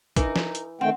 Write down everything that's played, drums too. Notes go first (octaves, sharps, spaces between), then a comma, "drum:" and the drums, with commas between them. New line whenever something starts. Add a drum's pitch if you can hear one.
E3 D#4 A#4, drum: kick, hi-hat
drum: snare
drum: hi-hat
D#3 A3 C4 F#5 G5